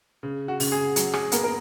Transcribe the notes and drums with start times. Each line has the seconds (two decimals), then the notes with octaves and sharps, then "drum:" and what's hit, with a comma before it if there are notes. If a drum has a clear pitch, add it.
0.23 C#3
0.48 F#4
0.60 C#3, drum: open hi-hat
0.72 G#4
0.96 F#3, drum: hi-hat
1.14 G#4, drum: rim click
1.32 A#3 B3 A#4, drum: hi-hat
1.44 A#4